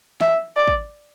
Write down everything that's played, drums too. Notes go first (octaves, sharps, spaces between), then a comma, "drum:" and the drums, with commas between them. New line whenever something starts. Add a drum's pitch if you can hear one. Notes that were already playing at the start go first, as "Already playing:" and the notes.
E5, drum: snare
D5
drum: kick